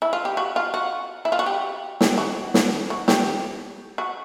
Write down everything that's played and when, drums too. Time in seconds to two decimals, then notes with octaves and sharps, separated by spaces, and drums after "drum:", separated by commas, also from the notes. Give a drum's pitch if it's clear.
0.02 E4
0.13 F4
0.25 G4
0.37 F#4
0.56 F4
0.74 F#4
1.25 E4
1.32 F4
1.39 F#4
1.46 G4
2.01 G4, drum: snare
2.18 F#4
2.54 drum: snare
2.90 F#4
3.08 G4, drum: snare
3.98 F#4